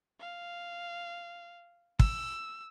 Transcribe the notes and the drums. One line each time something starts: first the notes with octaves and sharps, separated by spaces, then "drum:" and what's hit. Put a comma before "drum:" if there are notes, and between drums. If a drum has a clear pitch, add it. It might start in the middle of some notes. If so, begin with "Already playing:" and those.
F5
E6, drum: kick